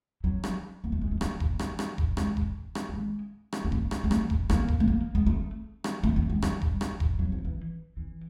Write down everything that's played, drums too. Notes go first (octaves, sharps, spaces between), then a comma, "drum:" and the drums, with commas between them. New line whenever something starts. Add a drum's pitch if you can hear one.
F#3
drum: rim click
A#3
A3
G#3
A3
A#3, drum: rim click
A#3, drum: kick E1
drum: rim click
drum: rim click
drum: kick E1
G#3, drum: rim click
drum: kick E1
drum: rim click
G3
G#3
drum: rim click
A#3
A3, drum: kick E1
drum: rim click
G#3
A3, drum: rim click
drum: kick E1
A#3, drum: rim click
drum: kick E1
A3
A#3
G#3
A3
drum: rim click
A3, drum: kick E1
A3
G#3
G3, drum: rim click
drum: kick E1
drum: rim click
drum: kick E1
F#3
F3
E3
E3